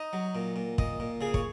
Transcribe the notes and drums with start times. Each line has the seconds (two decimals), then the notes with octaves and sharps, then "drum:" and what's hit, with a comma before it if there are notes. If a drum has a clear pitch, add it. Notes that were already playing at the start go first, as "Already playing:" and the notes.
Already playing: D#4 D#5
0.13 F#3
0.35 A#2
0.56 A#2
0.78 A#2 D#5, drum: kick
1.00 A#2
1.21 C#3 G#4
1.34 C#5, drum: kick